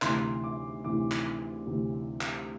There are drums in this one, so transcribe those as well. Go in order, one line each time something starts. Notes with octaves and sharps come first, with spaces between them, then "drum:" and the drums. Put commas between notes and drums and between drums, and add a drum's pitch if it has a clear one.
D2 C3 E3 C6, drum: clap
D6
D2 C3 E3 D6
drum: clap
D2 C3 E3
drum: clap